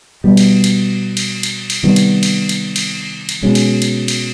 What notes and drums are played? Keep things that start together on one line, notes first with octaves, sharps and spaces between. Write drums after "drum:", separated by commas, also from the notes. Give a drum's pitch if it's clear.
B2 G3 B3
drum: cymbal
drum: cymbal
drum: cymbal
drum: cymbal
drum: cymbal
C3 D#3 G3 B3
drum: cymbal
drum: cymbal
drum: cymbal
drum: cymbal
drum: cymbal
B2 G#3 C#4
drum: cymbal
drum: cymbal
drum: cymbal